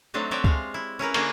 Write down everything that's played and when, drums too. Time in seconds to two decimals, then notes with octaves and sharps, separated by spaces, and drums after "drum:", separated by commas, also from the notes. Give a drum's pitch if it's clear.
0.14 F#3 A3 C4 D4 D#4
0.31 C4 F#4 C#5 D5 E5 G5
0.44 G#3 G4 F5, drum: kick
0.74 E4
0.99 C#4 E4 A#4 B4
1.14 D3 A#3 F#4 G#4, drum: cymbal